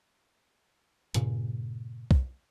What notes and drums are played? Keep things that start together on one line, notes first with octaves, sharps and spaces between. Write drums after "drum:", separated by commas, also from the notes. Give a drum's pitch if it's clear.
G2 A#2 C#3, drum: hi-hat
drum: kick